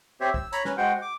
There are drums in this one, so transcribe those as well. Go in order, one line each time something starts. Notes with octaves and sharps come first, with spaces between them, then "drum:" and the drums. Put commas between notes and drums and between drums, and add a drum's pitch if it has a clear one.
C4 G4 C5 C#5 E5
E6, drum: kick
C#5 A#5 B5, drum: hi-hat
C#4 B4, drum: snare
G#3 F#4 C5 F#5 G5
D6